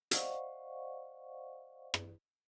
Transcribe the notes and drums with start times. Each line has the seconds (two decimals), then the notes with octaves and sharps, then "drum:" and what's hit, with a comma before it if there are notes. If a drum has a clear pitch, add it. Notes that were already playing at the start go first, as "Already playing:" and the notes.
0.11 C5 D5 D#5 F5 F#5 C#6, drum: hi-hat
1.94 drum: rim click